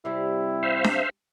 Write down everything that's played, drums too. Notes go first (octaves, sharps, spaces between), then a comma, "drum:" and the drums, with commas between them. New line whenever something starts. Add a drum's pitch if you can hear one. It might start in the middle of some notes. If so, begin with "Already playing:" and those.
C3 G3 C4 E4
C5 E5 F5
drum: snare D4